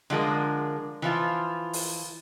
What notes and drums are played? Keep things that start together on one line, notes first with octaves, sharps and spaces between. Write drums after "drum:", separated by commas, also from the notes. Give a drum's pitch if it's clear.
D3 F3 G#3 A#4
E3 F3 F4
drum: open hi-hat